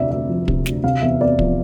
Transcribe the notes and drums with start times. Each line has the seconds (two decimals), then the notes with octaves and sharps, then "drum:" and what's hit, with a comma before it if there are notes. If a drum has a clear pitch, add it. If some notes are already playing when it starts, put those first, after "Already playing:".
Already playing: F1 D2 C3 D5 E5
0.11 D2 E5
0.29 F3
0.48 C3, drum: kick
0.66 D2, drum: snare
0.84 C3 F5
1.02 E2 E5
1.20 E2 D5
1.39 F3, drum: kick